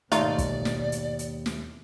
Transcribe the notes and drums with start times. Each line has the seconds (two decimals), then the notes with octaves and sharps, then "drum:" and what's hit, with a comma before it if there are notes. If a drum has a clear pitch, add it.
0.12 D#2 G#2 B2 A3 D#4 F4 D5, drum: hi-hat
0.38 drum: kick, hi-hat
0.65 drum: snare
0.92 drum: hi-hat
1.19 drum: hi-hat
1.46 drum: snare